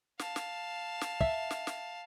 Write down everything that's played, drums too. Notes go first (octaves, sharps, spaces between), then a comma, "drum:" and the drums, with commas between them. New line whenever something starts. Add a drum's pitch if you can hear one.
F5 A5, drum: snare
drum: snare
drum: snare
E5, drum: kick
drum: snare
drum: snare